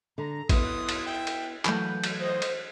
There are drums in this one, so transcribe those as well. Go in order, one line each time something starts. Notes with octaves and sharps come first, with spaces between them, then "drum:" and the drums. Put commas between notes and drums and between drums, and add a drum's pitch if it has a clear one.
D3 A#5
B3 E4 C6 D#6, drum: kick, cymbal
drum: cymbal
E5 G5
drum: cymbal
E3 F#3 A3 A#3 B4 F#5 G6, drum: clap
drum: cymbal
F#4 C5 D#5
drum: cymbal